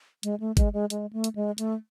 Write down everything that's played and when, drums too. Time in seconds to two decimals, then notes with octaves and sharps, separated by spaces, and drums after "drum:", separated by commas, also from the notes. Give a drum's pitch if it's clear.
0.23 G#3, drum: hi-hat
0.40 A3
0.57 G#3, drum: kick G1, hi-hat
0.73 G#3
0.90 G#3, drum: hi-hat
1.13 A3
1.24 drum: hi-hat
1.36 G#3
1.58 A3, drum: hi-hat